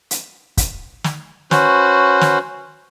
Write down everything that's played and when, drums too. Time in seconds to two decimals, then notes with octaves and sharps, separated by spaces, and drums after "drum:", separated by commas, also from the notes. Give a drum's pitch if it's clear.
0.11 drum: hi-hat
0.58 drum: kick, hi-hat
1.04 drum: snare
1.51 C#4 F#4 B4 C5, drum: snare
2.21 drum: snare